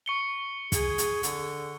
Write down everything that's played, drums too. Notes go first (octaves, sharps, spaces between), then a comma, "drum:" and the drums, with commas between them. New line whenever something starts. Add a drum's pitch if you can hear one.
C#6 C#7 G7
G#4, drum: kick, hi-hat
drum: hi-hat
D3, drum: hi-hat